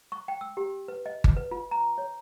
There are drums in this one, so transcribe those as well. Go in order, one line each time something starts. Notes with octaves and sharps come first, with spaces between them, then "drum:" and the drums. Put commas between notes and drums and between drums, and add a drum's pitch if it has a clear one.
C#6
G5
E6
G4
B4
D#5
drum: kick G1
B4
F4
A#5
C#5